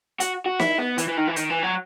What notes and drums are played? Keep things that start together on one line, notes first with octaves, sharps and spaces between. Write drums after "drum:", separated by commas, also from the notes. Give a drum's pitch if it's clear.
F#4, drum: hi-hat
F#4
E4, drum: snare
B3
E3, drum: hi-hat
E3
D#3
E3
D#3, drum: hi-hat
E3
F#3